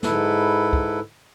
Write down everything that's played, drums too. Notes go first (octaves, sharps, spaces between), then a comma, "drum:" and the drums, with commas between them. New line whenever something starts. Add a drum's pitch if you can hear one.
G#2 E4 A4 B4, drum: snare
drum: kick